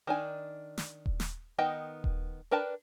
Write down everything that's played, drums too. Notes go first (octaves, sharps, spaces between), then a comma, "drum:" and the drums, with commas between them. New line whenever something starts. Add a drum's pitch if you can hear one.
D#3 D4 G#5
drum: snare
drum: kick D#1
drum: snare
D#3 B3 D#5 G5
drum: kick D#1
D4 A#4 B4 G5 A5